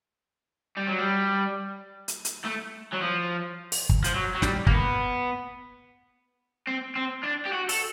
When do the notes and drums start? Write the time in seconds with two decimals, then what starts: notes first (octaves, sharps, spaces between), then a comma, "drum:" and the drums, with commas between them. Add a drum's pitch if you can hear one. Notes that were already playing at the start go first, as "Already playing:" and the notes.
0.77 G3
0.87 F#3
0.98 G3
2.08 drum: hi-hat
2.25 drum: hi-hat
2.45 A3
2.93 F#3
3.01 F3
3.72 drum: open hi-hat
3.89 drum: kick
4.04 F3, drum: hi-hat
4.14 F#3
4.35 F#3
4.42 G3, drum: snare
4.67 A#3, drum: kick
4.71 B3
6.67 C4
6.96 C4
7.23 D4
7.45 G4
7.52 F#4
7.69 A4, drum: open hi-hat